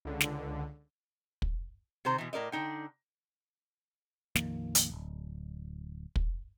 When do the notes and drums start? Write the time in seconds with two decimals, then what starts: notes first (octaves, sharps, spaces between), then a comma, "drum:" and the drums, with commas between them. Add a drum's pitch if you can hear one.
0.05 C#2 D3
0.20 drum: snare
1.42 drum: kick
2.05 C3 D#3 C5 A#5
2.18 B2 E3
2.33 A2 A#4 D5 D#5
2.52 D3 D4 D#4 G5
4.35 A#1 F2 D#3 A#3, drum: snare
4.75 drum: hi-hat
4.92 D1
6.16 drum: kick